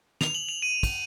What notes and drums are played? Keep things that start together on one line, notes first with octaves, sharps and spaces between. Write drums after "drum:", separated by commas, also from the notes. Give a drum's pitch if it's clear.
F7, drum: snare
F#7
F7
D#7
drum: kick, cymbal